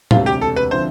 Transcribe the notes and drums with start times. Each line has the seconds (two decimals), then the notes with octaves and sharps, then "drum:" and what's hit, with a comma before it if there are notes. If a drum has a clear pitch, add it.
0.11 E1 D2 C3 F4, drum: tom A2
0.26 G4
0.41 A4
0.56 B4
0.71 D3 F3 C4 E4 C5